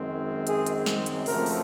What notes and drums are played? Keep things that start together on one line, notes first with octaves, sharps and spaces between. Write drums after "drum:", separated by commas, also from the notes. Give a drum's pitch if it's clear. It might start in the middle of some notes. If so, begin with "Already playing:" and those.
Already playing: F#2 D#3 G#3 C4
G#4, drum: hi-hat
drum: hi-hat
drum: snare
drum: hi-hat
F#2 C#3 F3 A3 C4 A#4, drum: open hi-hat
drum: open hi-hat